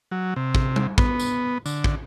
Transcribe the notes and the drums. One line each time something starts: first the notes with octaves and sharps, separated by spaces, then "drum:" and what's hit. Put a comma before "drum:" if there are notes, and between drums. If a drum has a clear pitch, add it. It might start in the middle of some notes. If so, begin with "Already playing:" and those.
F#3
C3
drum: kick
drum: tom G3
B3, drum: kick
drum: tambourine
D3, drum: tambourine
drum: kick